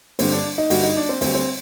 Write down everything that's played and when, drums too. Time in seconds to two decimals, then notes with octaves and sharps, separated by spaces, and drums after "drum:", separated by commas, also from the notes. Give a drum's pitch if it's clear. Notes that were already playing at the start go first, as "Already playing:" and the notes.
0.19 G2 D3 G3 C4, drum: open hi-hat
0.32 D4
0.58 D#4
0.70 G2 D3 G3 F#4, drum: open hi-hat
0.83 D#4
0.96 D4
1.09 C4
1.21 D2 D3 G3 C4, drum: open hi-hat
1.34 C4